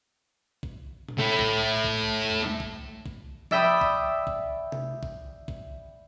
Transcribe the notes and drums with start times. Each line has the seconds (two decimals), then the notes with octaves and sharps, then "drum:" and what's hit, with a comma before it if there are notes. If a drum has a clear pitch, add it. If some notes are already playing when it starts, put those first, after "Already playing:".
0.63 drum: kick
1.09 drum: tom A#2
1.19 A3 E4
1.39 drum: kick
1.84 drum: kick
2.30 drum: tom E2
2.60 drum: kick
3.06 drum: kick
3.51 D5 E5 G5 B5 D#6, drum: tom F3
3.81 drum: kick
4.27 drum: kick
4.72 drum: tom C3
5.03 drum: kick
5.48 drum: kick